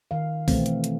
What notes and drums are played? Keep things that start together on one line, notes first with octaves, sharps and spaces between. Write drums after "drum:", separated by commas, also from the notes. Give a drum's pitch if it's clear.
D#3 F5
B2 E3 A3 C4, drum: kick, open hi-hat
drum: hi-hat
drum: hi-hat